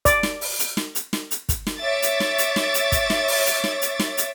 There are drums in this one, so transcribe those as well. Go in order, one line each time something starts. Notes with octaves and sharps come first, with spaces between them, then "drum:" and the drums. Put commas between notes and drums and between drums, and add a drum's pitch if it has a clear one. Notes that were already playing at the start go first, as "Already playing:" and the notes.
D5, drum: kick, hi-hat
drum: snare
drum: open hi-hat
drum: hi-hat
drum: snare
drum: hi-hat
drum: snare
drum: hi-hat
drum: kick, hi-hat
drum: snare
C#5 E5 D6 A6
drum: hi-hat
drum: snare
drum: hi-hat
drum: snare
drum: hi-hat
drum: kick, hi-hat
drum: snare
drum: open hi-hat
drum: hi-hat
drum: snare
drum: hi-hat
drum: snare
drum: hi-hat